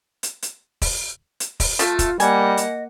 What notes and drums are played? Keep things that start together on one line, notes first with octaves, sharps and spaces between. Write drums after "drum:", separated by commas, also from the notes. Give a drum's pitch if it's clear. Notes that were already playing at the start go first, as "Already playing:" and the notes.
drum: hi-hat
drum: hi-hat
drum: kick E1, open hi-hat
drum: hi-hat
drum: kick E1, open hi-hat
F3 A3 F4 E5, drum: hi-hat
drum: kick E1, hi-hat
G3 A#3 D#5 F#5 G#5, drum: hi-hat
drum: hi-hat